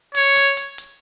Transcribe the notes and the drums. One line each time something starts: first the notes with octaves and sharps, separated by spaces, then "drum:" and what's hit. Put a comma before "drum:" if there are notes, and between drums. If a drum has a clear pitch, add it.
C#5, drum: hi-hat
drum: hi-hat
drum: hi-hat
drum: hi-hat